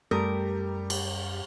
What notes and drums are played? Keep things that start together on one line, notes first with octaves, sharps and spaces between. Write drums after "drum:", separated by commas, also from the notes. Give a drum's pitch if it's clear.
F#2 G3 A3 G4 A#4 A#5 D#6
drum: cymbal